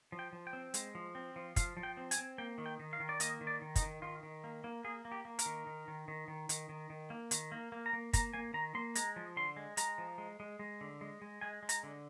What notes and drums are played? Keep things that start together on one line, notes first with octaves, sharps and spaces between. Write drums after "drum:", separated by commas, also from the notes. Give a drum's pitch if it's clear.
F3
G5
F3
G5
C4
G#3, drum: hi-hat
F3
C4
F3
F3 F5, drum: kick, hi-hat
F3
G5
C4
G#5, drum: hi-hat
C4
A#3 G5
D#3
G5
D#3
F5
D#3
D5
A#3 D#5, drum: hi-hat
D#3
D5
D#3
D#4, drum: kick, hi-hat
D#3
D#3 F4
D#3
A#3
A#3
A#3 G#4
A#3
G4
A#3
A#4, drum: hi-hat
D#3
D#3
D#3
D#3
D#3
D#3, drum: hi-hat
D#3
D#3
A#3
D#3, drum: hi-hat
A#3
A#3
A#5
A#3
A#3 A#5, drum: kick, hi-hat
A#3 G#5
D#3 A#5
A#3 C6
G#3 A#5, drum: hi-hat
F3
D3 C6
G#3
G#3 A#5, drum: hi-hat
F3
G#3
G#3
G#3
D3
G#3
G#3
G#3 G#5
G#3
A#5, drum: hi-hat
D3